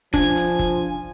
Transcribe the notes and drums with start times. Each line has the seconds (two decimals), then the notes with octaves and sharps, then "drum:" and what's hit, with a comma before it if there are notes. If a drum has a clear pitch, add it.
0.14 F3 D4 G#5, drum: kick F#1, hi-hat
0.36 drum: hi-hat
0.59 drum: kick F#1